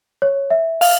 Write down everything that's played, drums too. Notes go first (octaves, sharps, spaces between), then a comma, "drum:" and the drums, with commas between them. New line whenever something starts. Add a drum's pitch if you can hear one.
C#5
E5
F5, drum: open hi-hat